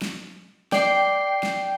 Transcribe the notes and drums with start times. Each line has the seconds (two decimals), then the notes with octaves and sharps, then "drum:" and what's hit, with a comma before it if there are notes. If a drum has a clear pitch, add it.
0.02 drum: snare
0.72 D5 G5 C7, drum: snare
1.43 drum: snare